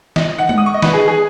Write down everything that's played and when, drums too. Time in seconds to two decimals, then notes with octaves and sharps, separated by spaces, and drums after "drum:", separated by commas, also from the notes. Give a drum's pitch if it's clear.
0.16 D#5, drum: snare
0.38 F#5
0.49 F#5, drum: tom G#3
0.58 D#6
0.66 C#6
0.74 D#5
0.82 B4, drum: snare
0.93 G#4
1.08 G#4